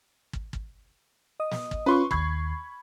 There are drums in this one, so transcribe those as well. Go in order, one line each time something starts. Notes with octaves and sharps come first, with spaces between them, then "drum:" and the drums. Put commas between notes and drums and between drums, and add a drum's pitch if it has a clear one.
drum: kick
drum: kick
D#5 D#6
drum: snare
drum: kick
C#4 F4 B4 C6 C#6
D#2 B5 C#6 G#6 C7, drum: kick